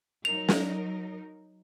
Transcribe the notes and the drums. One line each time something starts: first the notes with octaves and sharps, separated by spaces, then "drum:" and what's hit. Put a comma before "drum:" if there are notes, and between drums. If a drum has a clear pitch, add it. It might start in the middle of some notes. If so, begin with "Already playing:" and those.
F#3 D#4 A#4 F7
drum: snare